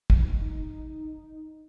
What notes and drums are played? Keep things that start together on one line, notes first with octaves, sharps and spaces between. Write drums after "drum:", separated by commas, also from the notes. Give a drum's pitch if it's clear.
D#4, drum: kick
D#4